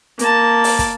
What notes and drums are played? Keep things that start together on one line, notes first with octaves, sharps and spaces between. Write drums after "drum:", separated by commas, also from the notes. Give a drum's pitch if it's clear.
A#3 A5, drum: hi-hat
drum: open hi-hat
drum: kick, hi-hat